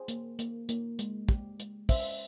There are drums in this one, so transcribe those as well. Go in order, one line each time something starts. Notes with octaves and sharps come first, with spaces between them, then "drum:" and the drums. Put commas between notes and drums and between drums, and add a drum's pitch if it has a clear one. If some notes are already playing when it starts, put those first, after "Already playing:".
Already playing: G#4 C5
A#3, drum: hi-hat
A#3, drum: hi-hat
A#3, drum: hi-hat
G#3, drum: hi-hat
G4, drum: kick
G#3, drum: hi-hat
C#4 C5 E5, drum: kick, open hi-hat